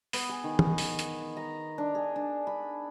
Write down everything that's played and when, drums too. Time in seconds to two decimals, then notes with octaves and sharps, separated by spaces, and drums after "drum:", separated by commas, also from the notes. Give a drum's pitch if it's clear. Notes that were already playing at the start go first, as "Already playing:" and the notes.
0.13 B3, drum: open hi-hat
0.29 G#4
0.44 D#3
0.59 drum: tom
0.78 drum: open hi-hat
0.99 drum: hi-hat
1.37 A#5
1.78 D4
1.95 G#4
2.16 D4
2.47 B5